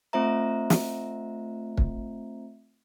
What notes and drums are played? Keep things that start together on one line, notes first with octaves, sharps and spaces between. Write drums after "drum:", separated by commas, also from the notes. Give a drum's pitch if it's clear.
A3 C4 F4 C5 E5 A#5
drum: snare
drum: kick